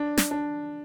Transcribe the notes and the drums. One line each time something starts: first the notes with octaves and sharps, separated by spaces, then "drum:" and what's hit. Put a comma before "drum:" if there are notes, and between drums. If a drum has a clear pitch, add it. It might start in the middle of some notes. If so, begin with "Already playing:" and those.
Already playing: D4
drum: snare
D4